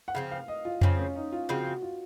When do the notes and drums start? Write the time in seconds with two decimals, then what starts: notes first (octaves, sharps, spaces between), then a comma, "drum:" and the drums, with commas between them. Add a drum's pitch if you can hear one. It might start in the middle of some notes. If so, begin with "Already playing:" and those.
0.08 F#5
0.15 C#3 F3 C4 F5
0.31 F5
0.48 D#5
0.65 F4
0.81 C#3 F3 C4 C#4, drum: tom F2
0.99 C#4
1.16 D#4
1.32 F4
1.49 C#3 F3 C4 F#4
1.66 F#4
1.82 F4